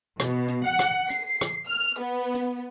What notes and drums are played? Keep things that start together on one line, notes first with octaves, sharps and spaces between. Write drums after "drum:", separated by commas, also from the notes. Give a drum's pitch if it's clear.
B2, drum: rim click
drum: hi-hat
F#5
drum: rim click
C7, drum: hi-hat
drum: rim click
F6
B3
drum: hi-hat